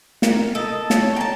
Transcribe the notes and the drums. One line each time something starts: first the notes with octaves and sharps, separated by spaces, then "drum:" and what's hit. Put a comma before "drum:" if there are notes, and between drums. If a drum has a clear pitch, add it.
A#4, drum: snare
A4 D#5
C#5, drum: snare
G5 A5 A#5